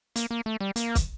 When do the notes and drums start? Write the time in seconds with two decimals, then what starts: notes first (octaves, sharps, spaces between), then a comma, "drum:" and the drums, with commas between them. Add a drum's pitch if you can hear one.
0.16 A#3, drum: hi-hat
0.31 A#3
0.46 A3
0.61 G3
0.76 A#3, drum: hi-hat
0.95 drum: kick, hi-hat